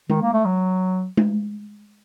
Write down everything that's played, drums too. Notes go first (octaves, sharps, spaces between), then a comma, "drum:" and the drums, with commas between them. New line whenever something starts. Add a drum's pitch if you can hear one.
D#3, drum: tom G#3
A#3
A3
F#3
drum: tom G#3